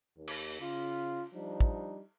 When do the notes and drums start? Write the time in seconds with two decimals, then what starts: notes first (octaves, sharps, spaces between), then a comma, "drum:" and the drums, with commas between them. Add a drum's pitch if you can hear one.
0.18 D#2
0.28 drum: cymbal
0.60 C#3 F4
1.34 F3 G3 D4 D#4
1.60 drum: kick